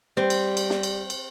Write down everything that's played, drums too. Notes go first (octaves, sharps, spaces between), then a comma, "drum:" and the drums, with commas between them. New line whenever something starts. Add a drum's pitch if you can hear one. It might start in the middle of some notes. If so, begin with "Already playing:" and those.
G3 C4
drum: cymbal
drum: cymbal
drum: snare
drum: cymbal
drum: cymbal